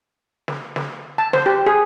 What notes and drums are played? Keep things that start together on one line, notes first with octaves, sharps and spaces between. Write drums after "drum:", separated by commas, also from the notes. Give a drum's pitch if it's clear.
drum: snare
drum: snare
A5
C5, drum: snare
G4
G#4